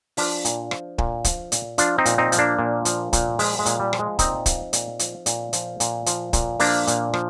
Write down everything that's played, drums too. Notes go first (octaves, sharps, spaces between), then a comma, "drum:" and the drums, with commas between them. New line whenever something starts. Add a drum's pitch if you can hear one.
F3 D4 F4, drum: open hi-hat
A#2, drum: hi-hat
F3, drum: rim click
A#2, drum: kick
F3, drum: kick, hi-hat
A#2, drum: hi-hat
F3 D4 F4, drum: hi-hat
C4 D#4
A#2, drum: hi-hat
C4 D#4
F3, drum: hi-hat
A#3 D4
A#2
F3, drum: hi-hat
A#2, drum: kick, hi-hat
F3 G#3, drum: open hi-hat
G#3
A#2, drum: hi-hat
G3
F3, drum: rim click
G#3
A#2 C4 D#4, drum: kick, hi-hat
F3, drum: kick, hi-hat
A#2, drum: hi-hat
F3, drum: hi-hat
A#2, drum: hi-hat
F3, drum: hi-hat
A#2, drum: hi-hat
F3, drum: hi-hat
A#2, drum: kick, hi-hat
F3 A#3 D4, drum: open hi-hat
A#2, drum: hi-hat
F3, drum: rim click